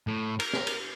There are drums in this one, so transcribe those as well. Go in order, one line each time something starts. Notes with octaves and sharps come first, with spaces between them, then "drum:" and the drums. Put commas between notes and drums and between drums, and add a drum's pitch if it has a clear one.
A2
A#4, drum: cymbal
drum: snare
drum: cymbal